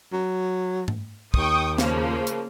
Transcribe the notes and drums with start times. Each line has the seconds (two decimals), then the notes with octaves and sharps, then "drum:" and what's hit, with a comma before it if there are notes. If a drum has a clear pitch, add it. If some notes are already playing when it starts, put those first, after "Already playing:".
0.13 F#3
0.88 drum: tom G#2
1.34 D#2 G5 C#6 D#6, drum: kick
1.78 C#3 F3 A#3, drum: snare
2.27 drum: hi-hat